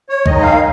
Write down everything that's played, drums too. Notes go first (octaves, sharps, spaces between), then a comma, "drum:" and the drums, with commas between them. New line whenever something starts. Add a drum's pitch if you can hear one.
C#5
D#3 G#3 D#4 D#5, drum: kick C2
F5